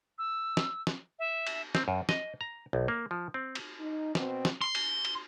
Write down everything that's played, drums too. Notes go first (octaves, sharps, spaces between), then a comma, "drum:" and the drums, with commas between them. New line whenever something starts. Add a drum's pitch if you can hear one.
E6
drum: snare
drum: snare
E5
drum: cymbal
C4, drum: snare
F#2
D#5, drum: snare
A#5
B1
A#3
F3
C4
drum: cymbal
D#4
B2 C4, drum: snare
drum: snare
C6
drum: cymbal
drum: cymbal